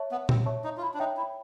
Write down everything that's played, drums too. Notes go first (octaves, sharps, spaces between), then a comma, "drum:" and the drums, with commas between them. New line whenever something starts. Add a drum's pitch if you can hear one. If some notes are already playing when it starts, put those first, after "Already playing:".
Already playing: C#5 E5 A5 C#6
B3
C4, drum: tom A#2
C#5 E5 A5 C#6
D#4
F4
E4
D4
D#4 C#5 E5 G5
E4